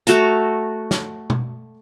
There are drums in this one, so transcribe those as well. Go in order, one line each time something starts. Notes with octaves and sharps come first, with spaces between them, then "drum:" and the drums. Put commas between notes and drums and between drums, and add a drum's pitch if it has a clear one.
A3 F#4 A5 A#5, drum: hi-hat
drum: snare
drum: tom B2